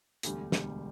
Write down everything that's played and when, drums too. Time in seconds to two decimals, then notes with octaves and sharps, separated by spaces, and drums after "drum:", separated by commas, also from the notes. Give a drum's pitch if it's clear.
0.23 E1 D2 D3 G3, drum: hi-hat
0.52 E1 D2 D3 G3, drum: snare